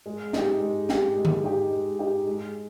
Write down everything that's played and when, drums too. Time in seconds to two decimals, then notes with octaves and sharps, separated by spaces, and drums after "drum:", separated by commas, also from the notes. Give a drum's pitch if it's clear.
0.06 G#3
0.33 D#4 G4, drum: snare
0.60 G#3
0.89 D#4 G4, drum: snare
1.16 G#3
1.25 drum: tom D3
1.44 D#4 G4
1.71 G#3
1.99 D#4 G4
2.27 G#3